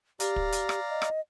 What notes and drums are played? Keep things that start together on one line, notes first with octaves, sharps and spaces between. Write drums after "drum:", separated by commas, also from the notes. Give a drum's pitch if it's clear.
G4 D5 F5 A#5, drum: hi-hat
drum: kick
drum: hi-hat
drum: rim click
D#5
drum: rim click